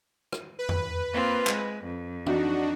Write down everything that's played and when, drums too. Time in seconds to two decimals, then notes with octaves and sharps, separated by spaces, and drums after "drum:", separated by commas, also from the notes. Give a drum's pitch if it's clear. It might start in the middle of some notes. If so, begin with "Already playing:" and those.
0.32 drum: rim click
0.59 B4
0.69 drum: tom E2
1.13 A#3 C4 F4
1.47 G#3, drum: clap
1.84 F2
2.26 D4 D#4 F#4, drum: tom E3